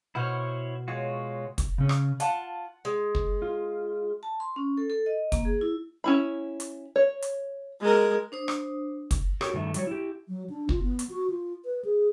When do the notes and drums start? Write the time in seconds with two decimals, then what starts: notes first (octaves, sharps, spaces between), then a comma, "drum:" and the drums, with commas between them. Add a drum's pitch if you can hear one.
0.15 B2 E4 C5 C#5 F#5 F6
0.88 G#3 F4 F#4 C#5
1.58 drum: kick, hi-hat
1.78 C#3 C#4
1.89 drum: rim click
2.20 F4 F#5 A5, drum: hi-hat
2.85 G#3
3.15 drum: kick
3.42 F4
4.23 A5
4.40 C6
4.56 C#4
4.77 A4
4.90 A4
5.06 D#5
5.32 A#3, drum: kick, hi-hat
5.45 G#4
5.61 E4
6.04 C#4 E4 B5
6.60 drum: hi-hat
6.96 C#5
7.22 drum: hi-hat
7.81 G#3 A#4
8.32 D4 C5 D#6
8.48 drum: rim click
9.11 drum: kick, hi-hat
9.41 F#4 G4 A4 A#4 C#5, drum: rim click
9.54 G2 D#3 A3 E5
9.74 F#3 G3 C#5, drum: hi-hat
9.87 E4 G4
10.28 F#3
10.50 D4
10.69 F4, drum: kick
10.83 B3
10.99 drum: hi-hat
11.09 F#4
11.30 F4
11.65 B4
11.85 G#4